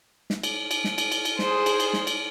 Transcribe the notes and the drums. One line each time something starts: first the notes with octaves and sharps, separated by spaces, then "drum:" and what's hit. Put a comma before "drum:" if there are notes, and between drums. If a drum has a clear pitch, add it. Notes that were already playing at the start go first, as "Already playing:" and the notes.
drum: snare
drum: cymbal
drum: cymbal
drum: snare
drum: cymbal
drum: cymbal
drum: cymbal
G#4 C5, drum: snare
drum: cymbal
drum: cymbal
drum: snare
drum: cymbal